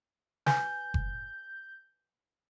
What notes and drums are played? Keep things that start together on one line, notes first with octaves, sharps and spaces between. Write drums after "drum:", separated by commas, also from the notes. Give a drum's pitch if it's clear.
B4 G#5 G6, drum: snare
drum: kick F#1